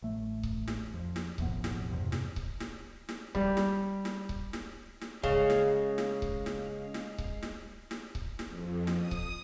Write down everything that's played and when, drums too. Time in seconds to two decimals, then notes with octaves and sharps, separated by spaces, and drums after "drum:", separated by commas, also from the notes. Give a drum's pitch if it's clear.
0.02 A1 A3
0.43 drum: kick C#1
0.68 drum: snare
0.94 F2
1.16 drum: snare
1.38 E1 A1 F2 B3, drum: kick C#1
1.64 drum: snare
1.88 E2 G2 C3
2.12 drum: snare
2.36 drum: kick C#1
2.60 drum: snare
3.09 drum: snare
3.35 G3, drum: kick C#1
3.57 drum: snare
4.05 drum: snare
4.29 drum: kick C#1
4.53 drum: snare
5.01 drum: snare
5.23 C#3 G#3 F5, drum: kick C#1
5.50 drum: snare
5.98 drum: snare
6.22 drum: kick C#1
6.46 drum: snare
6.94 drum: snare
7.18 drum: kick C#1
7.43 drum: snare
7.91 drum: snare
8.15 drum: kick C#1
8.39 drum: snare
8.48 F2
8.87 drum: snare
8.98 D#6
9.11 drum: kick C#1